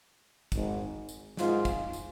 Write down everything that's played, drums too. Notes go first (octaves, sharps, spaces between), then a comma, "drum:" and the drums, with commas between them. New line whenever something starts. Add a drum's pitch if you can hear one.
G#1 G#2 G#3, drum: kick, tambourine
drum: tambourine
G#1 G#2 G#3 F4, drum: snare
drum: kick, tambourine
drum: tambourine